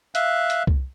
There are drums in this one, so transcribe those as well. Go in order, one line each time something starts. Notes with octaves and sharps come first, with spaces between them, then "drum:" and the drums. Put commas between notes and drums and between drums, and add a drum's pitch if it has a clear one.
E5 F5 F#6, drum: hi-hat
drum: hi-hat
drum: kick